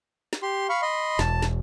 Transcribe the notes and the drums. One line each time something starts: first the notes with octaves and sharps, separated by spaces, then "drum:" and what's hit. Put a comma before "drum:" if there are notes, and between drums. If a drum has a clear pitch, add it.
drum: snare
G4 C6
F5 B5 C#6
D#5 B5 C6
E1 A5, drum: snare
drum: snare